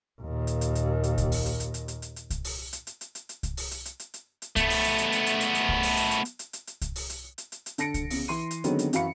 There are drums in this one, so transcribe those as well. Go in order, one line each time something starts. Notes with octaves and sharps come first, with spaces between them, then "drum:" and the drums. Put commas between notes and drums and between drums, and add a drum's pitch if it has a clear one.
D#2 A#2
drum: hi-hat
drum: hi-hat
drum: hi-hat
drum: hi-hat
drum: kick C2, hi-hat
drum: open hi-hat
drum: hi-hat
drum: hi-hat
drum: hi-hat
drum: hi-hat
drum: hi-hat
drum: hi-hat
drum: kick C2, hi-hat
drum: open hi-hat
drum: hi-hat
drum: hi-hat
drum: hi-hat
drum: hi-hat
drum: hi-hat
drum: kick C2, hi-hat
drum: open hi-hat
drum: hi-hat
drum: hi-hat
drum: hi-hat
drum: hi-hat
drum: hi-hat
A3 B3, drum: kick C2, hi-hat
drum: open hi-hat
drum: hi-hat
drum: hi-hat
drum: hi-hat
drum: hi-hat
drum: hi-hat
drum: hi-hat
drum: kick C2
drum: open hi-hat
drum: hi-hat
drum: hi-hat
drum: hi-hat
drum: hi-hat
drum: hi-hat
drum: hi-hat
drum: kick C2, hi-hat
drum: open hi-hat
drum: hi-hat
drum: hi-hat
drum: hi-hat
drum: hi-hat
D3 A5 A#6 C#7 D7, drum: hi-hat
drum: kick C2, hi-hat
E2 C#3, drum: open hi-hat
E3 C6 D#7
drum: hi-hat
D3 D#3 F#3 G#3 B3 C4, drum: hi-hat
drum: hi-hat
F#2 E3 F#4 F5 B5 C#7, drum: hi-hat